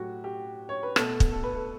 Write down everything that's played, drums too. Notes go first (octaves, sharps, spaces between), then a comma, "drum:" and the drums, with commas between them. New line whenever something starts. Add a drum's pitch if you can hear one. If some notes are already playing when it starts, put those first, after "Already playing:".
Already playing: A2 F#3 A3 F#4 G4
G4
C#5
B4
B2 A3 A4, drum: rim click
drum: kick
A4
B4
A4